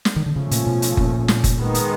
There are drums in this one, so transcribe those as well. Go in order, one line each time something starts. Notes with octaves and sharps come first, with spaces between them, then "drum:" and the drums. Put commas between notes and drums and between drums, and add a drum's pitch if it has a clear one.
drum: snare
D#3
D3
C#3 F3 A3 C#4
A#2, drum: hi-hat
B2
drum: hi-hat
A#2, drum: kick F#1
drum: snare
drum: kick F#1, hi-hat
D#3 G#3 B3
drum: hi-hat